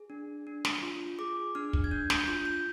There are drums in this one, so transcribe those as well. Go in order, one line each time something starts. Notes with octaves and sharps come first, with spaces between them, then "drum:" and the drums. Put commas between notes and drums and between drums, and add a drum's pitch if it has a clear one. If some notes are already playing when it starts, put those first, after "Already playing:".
Already playing: G#4
D4
D4
drum: snare
F4
G#4 D6
D4 F6
drum: kick
G#6
D4 G6
G6, drum: snare
F4 G6
G6